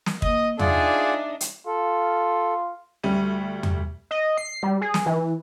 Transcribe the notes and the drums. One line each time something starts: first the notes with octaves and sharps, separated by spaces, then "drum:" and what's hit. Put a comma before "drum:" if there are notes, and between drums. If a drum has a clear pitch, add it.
drum: snare
A#3 D#5 D#6, drum: kick
D4 D#4 F4 G#4 D5 E5 F#5, drum: tom E2
drum: hi-hat
F4 A4
D2 G3 D#7
drum: tom E2
D#5
C7
G3
G#4
drum: snare
E3